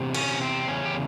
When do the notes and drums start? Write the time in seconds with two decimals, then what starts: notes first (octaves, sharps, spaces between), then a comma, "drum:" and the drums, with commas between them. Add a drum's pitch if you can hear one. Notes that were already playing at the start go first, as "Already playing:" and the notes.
Already playing: E2 C3
0.14 C#4, drum: cymbal
0.42 C4
0.68 E2 C#3 C#4
0.85 G4